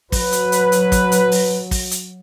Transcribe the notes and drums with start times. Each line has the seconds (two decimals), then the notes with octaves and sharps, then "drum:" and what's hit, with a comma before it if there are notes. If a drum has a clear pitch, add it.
0.12 F#3 B4, drum: kick, open hi-hat
0.32 drum: hi-hat
0.52 drum: hi-hat
0.72 drum: hi-hat
0.92 drum: kick, hi-hat
1.12 drum: hi-hat
1.32 drum: open hi-hat
1.71 drum: kick, open hi-hat
1.91 drum: hi-hat